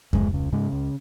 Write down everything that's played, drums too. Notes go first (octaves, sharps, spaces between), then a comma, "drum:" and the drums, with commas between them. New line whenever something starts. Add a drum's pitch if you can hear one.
C#2 G#2 G#3, drum: kick F2
C#3
G#2 C#3 G#3
C#2